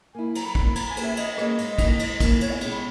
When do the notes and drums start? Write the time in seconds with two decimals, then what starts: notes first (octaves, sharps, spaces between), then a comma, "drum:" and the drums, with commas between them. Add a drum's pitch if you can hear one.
0.14 A#3 E4 G#5
0.35 F#3 A#5, drum: cymbal
0.45 B5
0.55 A#3 E4, drum: kick
0.66 B5
0.75 E3 A#5, drum: cymbal
0.90 G#5
0.97 A#3 C#4 G#4 B4, drum: cymbal
1.03 E5
1.17 E3 D#5, drum: cymbal
1.38 A#3 C#4 G#4 B4 D#5, drum: rim click
1.58 G#2, drum: cymbal
1.78 E3 A#3, drum: kick, cymbal
1.99 G#2, drum: cymbal
2.20 E3 A#3, drum: kick, cymbal
2.41 E2 C#5, drum: cymbal
2.51 G#5
2.61 B2 G#3 C#4, drum: cymbal
2.71 B5